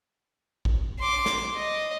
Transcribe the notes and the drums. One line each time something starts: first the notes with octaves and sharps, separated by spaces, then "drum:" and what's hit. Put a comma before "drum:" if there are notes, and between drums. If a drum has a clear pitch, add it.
drum: kick A1
C6 D6
drum: snare
D#5